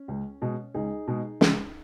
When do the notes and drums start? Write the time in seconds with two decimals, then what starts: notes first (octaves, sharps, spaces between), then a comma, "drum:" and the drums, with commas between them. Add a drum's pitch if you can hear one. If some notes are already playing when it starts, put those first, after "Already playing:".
Already playing: C#4
0.08 C#2
0.42 B2 G#3
0.74 C#2 D#4 G#4
1.08 B2 G#3
1.41 C#2, drum: snare